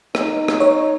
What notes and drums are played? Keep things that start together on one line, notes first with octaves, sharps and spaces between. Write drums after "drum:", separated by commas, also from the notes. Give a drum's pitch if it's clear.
D#4, drum: rim click
drum: rim click
D#4 C#5